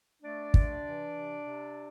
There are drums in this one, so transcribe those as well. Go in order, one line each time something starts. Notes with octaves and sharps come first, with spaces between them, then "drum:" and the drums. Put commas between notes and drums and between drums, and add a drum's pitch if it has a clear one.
A3 D4 D5
C3, drum: kick
E3
C3
C3